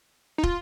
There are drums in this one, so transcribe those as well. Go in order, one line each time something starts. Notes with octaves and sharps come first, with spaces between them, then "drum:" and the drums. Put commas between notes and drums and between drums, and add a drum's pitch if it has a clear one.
D#4
F4, drum: kick